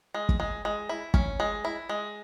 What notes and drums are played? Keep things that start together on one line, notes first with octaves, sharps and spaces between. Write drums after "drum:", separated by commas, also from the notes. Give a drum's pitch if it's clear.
G#3
drum: kick
G#3
G#3
E4
C#4, drum: kick
G#3
E4
G#3